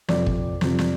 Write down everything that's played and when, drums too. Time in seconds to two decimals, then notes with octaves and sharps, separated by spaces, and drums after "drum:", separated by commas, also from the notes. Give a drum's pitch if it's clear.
0.08 F2 C3 F3 D5, drum: snare
0.26 drum: kick
0.61 F2 C3 F3, drum: snare
0.79 drum: snare